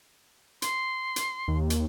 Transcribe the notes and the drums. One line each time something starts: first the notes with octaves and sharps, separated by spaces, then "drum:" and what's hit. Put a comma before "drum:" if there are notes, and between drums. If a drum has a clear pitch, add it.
C6, drum: hi-hat
drum: hi-hat
D#2
drum: hi-hat